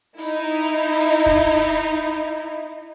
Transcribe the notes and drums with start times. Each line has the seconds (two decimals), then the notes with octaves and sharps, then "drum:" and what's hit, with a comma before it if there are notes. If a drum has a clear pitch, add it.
0.18 D#4 E4, drum: hi-hat
1.00 drum: open hi-hat
1.26 drum: kick